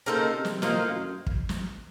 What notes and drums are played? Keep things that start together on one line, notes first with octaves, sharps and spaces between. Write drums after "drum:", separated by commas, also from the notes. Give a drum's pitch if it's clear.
C#3 A#3 D#4 A4 C5
C3
drum: snare
A#2 D#3 A#3 F4 C5, drum: snare
A2
F#2
drum: kick
drum: snare